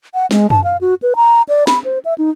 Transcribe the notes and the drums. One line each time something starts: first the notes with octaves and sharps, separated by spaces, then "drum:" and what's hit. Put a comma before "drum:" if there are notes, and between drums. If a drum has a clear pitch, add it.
F#5
G#3, drum: snare
A5, drum: tom F#2
F5
F#4
B4
A#5
D5
B5, drum: snare
C5
E5
D#4